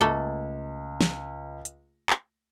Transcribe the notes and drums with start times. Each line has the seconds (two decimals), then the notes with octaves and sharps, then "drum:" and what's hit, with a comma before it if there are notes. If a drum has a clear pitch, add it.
0.01 C#2 A3 A#3 A4
1.01 drum: snare
1.65 drum: hi-hat
2.10 drum: clap